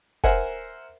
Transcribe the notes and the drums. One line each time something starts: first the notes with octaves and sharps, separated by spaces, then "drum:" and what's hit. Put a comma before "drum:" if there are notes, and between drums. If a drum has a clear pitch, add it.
A#4 C5 E5 F#5 G#5, drum: kick F1